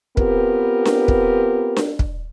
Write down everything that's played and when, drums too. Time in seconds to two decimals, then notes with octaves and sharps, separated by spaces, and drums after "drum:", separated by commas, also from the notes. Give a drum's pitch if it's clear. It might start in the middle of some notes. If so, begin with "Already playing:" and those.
0.17 B3 C4 F4 G4 A#4 B4, drum: kick
0.85 drum: snare D4
1.08 drum: kick
1.76 drum: snare D4
1.99 drum: kick